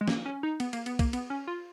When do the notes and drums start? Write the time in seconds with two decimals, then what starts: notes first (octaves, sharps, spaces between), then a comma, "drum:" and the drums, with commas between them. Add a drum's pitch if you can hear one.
0.01 G#3
0.08 A#3, drum: snare
0.26 C#4
0.43 D#4
0.60 B3, drum: cymbal
0.73 A#3, drum: cymbal
0.86 B3, drum: cymbal
0.99 A#3, drum: kick, cymbal
1.13 B3, drum: cymbal
1.30 C#4
1.47 F4